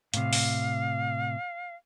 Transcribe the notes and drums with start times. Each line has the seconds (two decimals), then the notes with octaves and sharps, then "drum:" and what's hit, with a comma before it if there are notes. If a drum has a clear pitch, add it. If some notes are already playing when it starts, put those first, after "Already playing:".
0.14 A2 C3 F5, drum: hi-hat
0.33 drum: open hi-hat